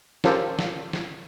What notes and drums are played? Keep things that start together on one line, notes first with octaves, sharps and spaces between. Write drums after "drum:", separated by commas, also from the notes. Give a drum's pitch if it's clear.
C#4 F4 G4 A4 A#4 C5, drum: snare
drum: snare
drum: snare